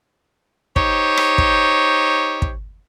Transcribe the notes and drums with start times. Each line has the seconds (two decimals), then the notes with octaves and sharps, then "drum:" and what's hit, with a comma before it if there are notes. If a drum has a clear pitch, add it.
0.76 D#4 G4 C5 C#5, drum: kick
1.17 drum: rim click
1.38 drum: kick
2.42 drum: kick